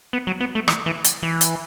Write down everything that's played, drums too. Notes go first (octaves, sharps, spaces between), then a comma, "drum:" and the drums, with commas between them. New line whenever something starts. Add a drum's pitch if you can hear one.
B3
F#3
B3
A3
E3, drum: rim click
E3
drum: hi-hat
E3
drum: hi-hat